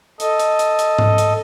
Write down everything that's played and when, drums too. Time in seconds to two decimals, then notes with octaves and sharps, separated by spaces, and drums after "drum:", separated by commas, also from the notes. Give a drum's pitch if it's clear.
0.20 A4 D#5, drum: hi-hat
0.39 drum: hi-hat
0.59 drum: hi-hat
0.79 drum: hi-hat
0.98 drum: tom G#2
1.18 drum: hi-hat